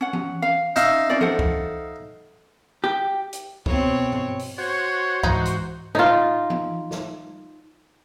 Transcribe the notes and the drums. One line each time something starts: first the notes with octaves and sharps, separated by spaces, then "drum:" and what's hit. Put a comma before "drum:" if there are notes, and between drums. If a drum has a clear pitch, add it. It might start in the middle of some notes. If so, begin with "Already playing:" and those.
C#4 F#5
drum: tom E3
F5
C#4 D#4 E5 F5, drum: hi-hat
C#4 F4 D5
A4 C5 F#5, drum: tom E3
drum: kick
G4
drum: hi-hat
B2 C4 C#5, drum: kick
drum: tom G2
drum: open hi-hat
F#4 C5 C#5
G#2 E3 D#4, drum: kick
drum: hi-hat
D#4 F4, drum: tom
drum: tom E3
drum: snare